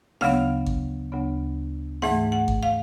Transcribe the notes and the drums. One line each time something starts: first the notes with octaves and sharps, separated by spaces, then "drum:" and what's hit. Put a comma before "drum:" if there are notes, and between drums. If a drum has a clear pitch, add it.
D2 C#3 F#3 B3 F5, drum: snare D#4
drum: kick G#1
D2 C#3 F#3 B3
G#2 E3 A3 F#5, drum: snare D#4
F#5
drum: kick G#1
F5